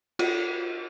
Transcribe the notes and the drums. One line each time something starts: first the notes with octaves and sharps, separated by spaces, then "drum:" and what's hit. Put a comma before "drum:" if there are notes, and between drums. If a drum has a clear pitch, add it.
F4, drum: cymbal